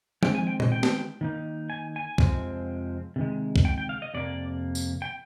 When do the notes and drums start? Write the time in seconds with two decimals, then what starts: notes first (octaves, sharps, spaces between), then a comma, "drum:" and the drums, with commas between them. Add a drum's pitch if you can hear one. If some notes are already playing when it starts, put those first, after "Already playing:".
0.23 D#3 G#3 C4 G5, drum: tom F3
0.35 G#5
0.47 G5
0.60 D#5, drum: tom A#2
0.72 G5
0.83 drum: snare
1.21 D#3 A#3 D#4
1.70 G#5
1.96 G#5
2.18 F2 C3 F3 G#3 C4, drum: kick
3.16 C3 D#3 G#3
3.56 drum: kick
3.65 G5
3.78 G5
3.89 F5
4.02 D#5
4.14 F2 C3 A#3 D5
4.75 drum: tambourine
5.02 G5